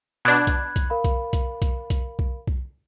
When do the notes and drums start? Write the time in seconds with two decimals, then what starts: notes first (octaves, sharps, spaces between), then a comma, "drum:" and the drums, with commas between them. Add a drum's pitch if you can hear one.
0.25 B2 D4 B5 F#6 G#6
0.47 drum: kick B1, hi-hat
0.76 drum: kick B1, hi-hat
0.90 A#4 F5 B5
1.04 drum: kick B1, hi-hat
1.33 drum: kick B1, hi-hat
1.62 drum: kick B1, hi-hat
1.90 drum: kick B1, hi-hat
2.19 drum: kick B1
2.47 drum: kick B1